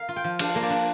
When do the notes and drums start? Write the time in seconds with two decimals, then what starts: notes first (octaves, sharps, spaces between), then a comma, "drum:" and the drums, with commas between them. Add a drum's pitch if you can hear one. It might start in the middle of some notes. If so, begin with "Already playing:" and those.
Already playing: A#4 F5
0.09 F4
0.16 G5
0.24 F3
0.39 D4 F5, drum: cymbal
0.55 A#3
0.62 D5
0.70 D4